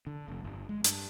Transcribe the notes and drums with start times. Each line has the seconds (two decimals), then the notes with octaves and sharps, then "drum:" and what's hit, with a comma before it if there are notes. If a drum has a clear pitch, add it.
0.07 D3
0.28 F1
0.44 G1
0.69 G#3
0.84 G2, drum: hi-hat